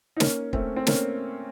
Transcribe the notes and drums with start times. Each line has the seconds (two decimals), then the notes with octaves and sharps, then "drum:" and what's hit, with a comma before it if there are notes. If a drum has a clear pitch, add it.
0.17 D#4
0.20 A#3 C#4, drum: snare
0.53 A3 C4, drum: kick
0.76 C4
0.87 A#3 C#4, drum: snare